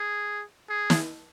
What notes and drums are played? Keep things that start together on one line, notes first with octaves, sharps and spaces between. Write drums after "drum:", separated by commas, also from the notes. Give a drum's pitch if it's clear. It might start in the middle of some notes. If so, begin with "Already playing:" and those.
Already playing: G#4
G#4
drum: snare